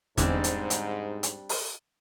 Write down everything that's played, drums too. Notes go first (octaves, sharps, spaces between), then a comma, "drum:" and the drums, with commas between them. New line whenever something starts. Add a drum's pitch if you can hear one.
E2 G#2 D3 G3 C4 D4 G#6, drum: kick, hi-hat
drum: hi-hat
drum: hi-hat
drum: hi-hat
drum: open hi-hat